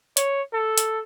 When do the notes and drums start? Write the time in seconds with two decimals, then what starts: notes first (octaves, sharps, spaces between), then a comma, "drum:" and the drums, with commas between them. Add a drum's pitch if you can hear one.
0.17 C#5, drum: hi-hat
0.53 A4
0.78 drum: hi-hat